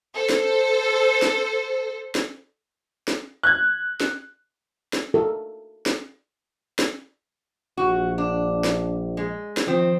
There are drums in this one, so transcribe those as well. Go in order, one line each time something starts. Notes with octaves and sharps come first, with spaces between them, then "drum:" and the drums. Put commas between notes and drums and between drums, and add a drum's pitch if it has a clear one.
A4 C5
drum: snare
drum: snare
drum: snare
drum: snare
F#6 G#6
drum: snare
drum: snare
A4 A#4
drum: snare
drum: snare
A#1 F#4
D4
drum: snare
G#3
drum: snare
D#3 F3 C4